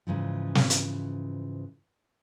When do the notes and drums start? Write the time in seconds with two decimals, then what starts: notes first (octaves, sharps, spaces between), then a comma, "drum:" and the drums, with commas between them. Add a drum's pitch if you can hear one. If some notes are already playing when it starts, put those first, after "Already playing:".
0.07 G#2 C#3 E3 F3
0.55 drum: snare
0.70 drum: hi-hat